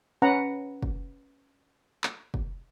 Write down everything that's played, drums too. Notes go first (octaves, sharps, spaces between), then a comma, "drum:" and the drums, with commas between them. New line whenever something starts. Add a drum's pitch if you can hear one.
C#4 B4 F#5 A#5
drum: kick
drum: clap
drum: kick